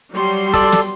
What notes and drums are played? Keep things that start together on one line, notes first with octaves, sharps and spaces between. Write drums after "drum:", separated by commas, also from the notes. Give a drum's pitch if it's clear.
F#3 G3 C6
A4 D5, drum: kick, hi-hat
drum: snare